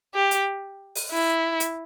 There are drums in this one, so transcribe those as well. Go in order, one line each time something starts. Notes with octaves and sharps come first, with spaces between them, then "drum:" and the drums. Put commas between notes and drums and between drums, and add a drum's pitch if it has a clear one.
G4
drum: hi-hat
drum: open hi-hat
E4
drum: hi-hat